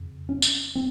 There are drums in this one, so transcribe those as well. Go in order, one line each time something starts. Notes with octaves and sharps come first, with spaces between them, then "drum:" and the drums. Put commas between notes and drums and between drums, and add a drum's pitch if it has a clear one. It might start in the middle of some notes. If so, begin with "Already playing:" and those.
Already playing: F2 C#3
C#4
drum: tambourine
C4